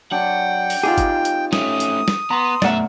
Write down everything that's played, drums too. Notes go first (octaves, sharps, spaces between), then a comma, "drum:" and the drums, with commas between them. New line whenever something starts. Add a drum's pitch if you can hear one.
F#3 D4 F#5 G5
drum: open hi-hat
C4 D#4 F4 G4 G#4
drum: kick G#1, hi-hat
drum: hi-hat
A3 C#4 D#6, drum: snare
drum: hi-hat
drum: snare
B3 A#5 C6
F#2 B2 A3 D5 E5 F#5 A#5, drum: snare